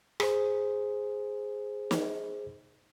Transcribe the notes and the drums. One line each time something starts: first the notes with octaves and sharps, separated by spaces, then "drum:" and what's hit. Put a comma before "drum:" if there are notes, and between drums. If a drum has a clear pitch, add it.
G#4 C5, drum: rim click
drum: snare